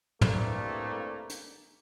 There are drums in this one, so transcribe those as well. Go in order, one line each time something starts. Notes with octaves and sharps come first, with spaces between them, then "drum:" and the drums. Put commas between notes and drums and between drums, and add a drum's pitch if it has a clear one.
C2 G2 A3 A#3, drum: tom
drum: hi-hat